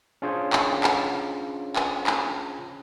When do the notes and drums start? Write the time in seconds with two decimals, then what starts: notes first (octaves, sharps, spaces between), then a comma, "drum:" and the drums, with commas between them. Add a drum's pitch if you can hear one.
0.22 C#4 D4 F4 G#4 C5 C#5
0.53 drum: clap
0.84 drum: clap
1.76 drum: clap
2.07 drum: clap